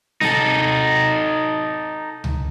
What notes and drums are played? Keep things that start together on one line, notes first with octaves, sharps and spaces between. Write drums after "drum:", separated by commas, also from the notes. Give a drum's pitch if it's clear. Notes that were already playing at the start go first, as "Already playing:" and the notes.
D#4 A4, drum: snare C4
drum: tom C#2